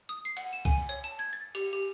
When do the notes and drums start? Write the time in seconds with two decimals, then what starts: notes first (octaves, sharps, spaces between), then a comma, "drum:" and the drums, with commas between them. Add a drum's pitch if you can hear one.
0.09 D#6
0.25 C7
0.37 F#5, drum: cymbal
0.53 E7
0.65 G#5, drum: kick, cymbal
0.89 C#5
1.04 A5
1.19 G#6
1.33 A6
1.55 G4, drum: cymbal
1.73 G4